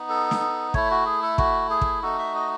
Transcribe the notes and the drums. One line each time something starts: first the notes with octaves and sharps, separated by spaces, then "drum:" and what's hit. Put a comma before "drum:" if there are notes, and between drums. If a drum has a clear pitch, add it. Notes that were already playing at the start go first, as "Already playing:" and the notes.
Already playing: B3 D#4
A4
drum: snare
A3 E4 C#5, drum: kick
F#4
G#4
A4
F#4, drum: kick
G#4
drum: kick
A3 D#4 F#4 A4
E5
D#5